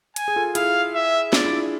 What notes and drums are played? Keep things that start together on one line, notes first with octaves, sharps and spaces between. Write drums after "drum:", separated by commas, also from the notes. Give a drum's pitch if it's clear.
G#5, drum: hi-hat
G#4
F4 A4
E4 G#4 F5, drum: hi-hat
E5
D4 F4 D5, drum: snare
E4